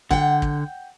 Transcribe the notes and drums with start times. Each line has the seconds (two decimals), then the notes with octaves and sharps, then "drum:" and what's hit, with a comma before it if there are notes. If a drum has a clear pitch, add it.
0.11 D3 F#5 G5, drum: kick
0.42 drum: kick